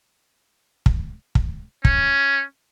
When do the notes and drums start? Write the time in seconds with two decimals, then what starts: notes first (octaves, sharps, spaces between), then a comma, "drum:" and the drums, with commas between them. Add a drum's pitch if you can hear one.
0.86 drum: kick
1.35 drum: kick
1.85 C#4, drum: kick